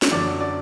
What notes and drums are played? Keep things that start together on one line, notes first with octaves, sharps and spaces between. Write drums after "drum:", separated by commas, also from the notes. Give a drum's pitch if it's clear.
drum: snare
F#2 D3 F#3 D5
D5